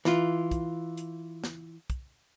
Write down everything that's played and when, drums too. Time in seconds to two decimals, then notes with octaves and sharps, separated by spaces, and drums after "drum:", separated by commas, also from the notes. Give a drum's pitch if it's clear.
0.05 E3 F4, drum: snare
0.51 drum: kick, hi-hat
0.97 drum: hi-hat
1.44 drum: snare
1.90 drum: kick, hi-hat